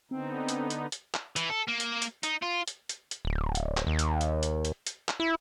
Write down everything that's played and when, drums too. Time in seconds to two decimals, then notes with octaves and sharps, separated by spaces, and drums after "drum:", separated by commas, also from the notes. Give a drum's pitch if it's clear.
0.11 D3 B3 C4 D#4
0.49 drum: hi-hat
0.70 drum: hi-hat
0.92 drum: hi-hat
1.14 drum: clap
1.36 E3, drum: hi-hat
1.50 A4
1.68 A#3
1.80 drum: hi-hat
2.02 drum: hi-hat
2.23 D#4, drum: hi-hat
2.42 F4
2.68 drum: hi-hat
2.89 drum: hi-hat
3.11 drum: hi-hat
3.25 D1
3.55 drum: hi-hat
3.77 drum: clap
3.87 D#2
3.99 drum: hi-hat
4.21 drum: hi-hat
4.43 drum: hi-hat
4.65 drum: hi-hat
4.87 drum: hi-hat
5.08 drum: clap
5.20 E4